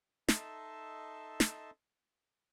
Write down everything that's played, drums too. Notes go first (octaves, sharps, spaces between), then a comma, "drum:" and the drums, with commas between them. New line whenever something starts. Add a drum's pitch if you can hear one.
D#4 A4 D#5 E5 A5 C6, drum: snare
drum: snare